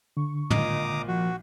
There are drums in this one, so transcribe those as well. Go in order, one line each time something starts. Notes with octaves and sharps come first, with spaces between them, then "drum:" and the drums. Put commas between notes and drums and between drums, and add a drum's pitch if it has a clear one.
D3 C#6
G#1 A#2 D#5 A#5 D6 D#6, drum: tom
F3 F#4